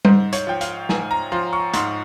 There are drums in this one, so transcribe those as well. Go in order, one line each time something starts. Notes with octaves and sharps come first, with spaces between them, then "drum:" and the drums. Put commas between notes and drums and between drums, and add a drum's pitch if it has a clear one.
G#2 C5, drum: tom G3
C#5, drum: hi-hat
F3 G5
F5, drum: hi-hat
G#2 G#5, drum: snare
A#5
F3 C6
C#6
G#2 C6, drum: hi-hat